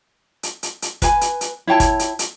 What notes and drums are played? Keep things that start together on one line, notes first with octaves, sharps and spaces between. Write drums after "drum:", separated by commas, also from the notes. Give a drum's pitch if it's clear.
drum: hi-hat
drum: hi-hat
drum: hi-hat
B4 G#5, drum: kick, hi-hat
drum: hi-hat
drum: hi-hat
E4 C#5 G5 A5
drum: kick, hi-hat
drum: hi-hat
drum: hi-hat